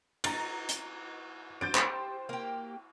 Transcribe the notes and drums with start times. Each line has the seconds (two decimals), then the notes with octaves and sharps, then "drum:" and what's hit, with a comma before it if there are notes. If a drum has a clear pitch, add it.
0.24 A#5 A6, drum: cymbal
0.69 drum: hi-hat
1.61 C5 G6 A6 D7
1.75 G4 C5, drum: clap
2.29 A#3 G4